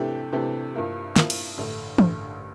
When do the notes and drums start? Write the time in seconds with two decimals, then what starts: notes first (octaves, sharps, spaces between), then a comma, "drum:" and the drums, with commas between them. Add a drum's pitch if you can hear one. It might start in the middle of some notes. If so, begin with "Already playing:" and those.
Already playing: C3 E3 A3 D4 G4
0.33 C3 E3 A3 D4 G4
0.74 G2 F3 A#3 E4 A#4
1.16 G2 F3 A#3 E4 A#4, drum: snare
1.30 drum: cymbal
1.57 A1 G2 D3 A3
1.98 A1 G2 D3 A3, drum: tom